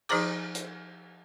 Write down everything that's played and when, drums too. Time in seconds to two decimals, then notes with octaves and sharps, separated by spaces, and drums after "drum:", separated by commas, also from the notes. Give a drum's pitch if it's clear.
0.09 F3 D#4 G#4 C5 A#5 D6, drum: cymbal
0.55 drum: hi-hat